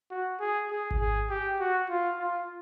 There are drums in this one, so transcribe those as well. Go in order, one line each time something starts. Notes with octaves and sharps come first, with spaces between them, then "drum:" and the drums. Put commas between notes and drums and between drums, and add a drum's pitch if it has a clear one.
F#4
G#4
G#4
drum: kick G#1
G#4
G4
F#4
F4
F4